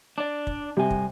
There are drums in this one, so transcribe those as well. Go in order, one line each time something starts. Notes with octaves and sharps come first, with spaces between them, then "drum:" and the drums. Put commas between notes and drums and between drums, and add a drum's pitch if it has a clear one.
D4 D5
drum: kick
C3 G3 G#5
drum: kick